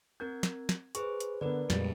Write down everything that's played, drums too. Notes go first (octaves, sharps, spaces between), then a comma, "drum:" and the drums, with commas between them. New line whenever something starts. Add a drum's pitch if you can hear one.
C4 A#4 G6 G#6
drum: snare
drum: snare
G#4 B4 C5 C#6, drum: hi-hat
drum: hi-hat
D3 B3 A#4 B4 D5
F2 A#2 G3 G#3 A6, drum: snare